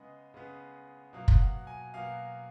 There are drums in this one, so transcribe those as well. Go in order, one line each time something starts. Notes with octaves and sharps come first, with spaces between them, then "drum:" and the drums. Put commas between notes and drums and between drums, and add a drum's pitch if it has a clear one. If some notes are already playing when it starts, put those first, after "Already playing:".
Already playing: C#3 G#3 B3 D#5
C#3 G#3 B3
B2 F#3 A#3 F5
drum: kick
F#5
G#5
B2 F#3 A#3 F5